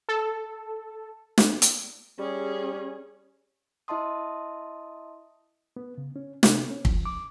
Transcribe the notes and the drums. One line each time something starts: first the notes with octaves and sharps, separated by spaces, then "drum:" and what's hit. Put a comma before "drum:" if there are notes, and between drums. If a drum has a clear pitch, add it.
A4
drum: snare
drum: hi-hat
G3 C#4 G#4
E4 D#5 E5 A5 C6 D#6
B3
C#3
C#4
C3, drum: snare
C#4
F3, drum: kick
D6